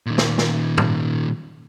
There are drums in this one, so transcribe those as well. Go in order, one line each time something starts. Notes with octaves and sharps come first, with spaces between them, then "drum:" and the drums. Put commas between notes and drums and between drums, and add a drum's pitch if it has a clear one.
A#2 D#3
drum: snare
drum: snare
drum: tom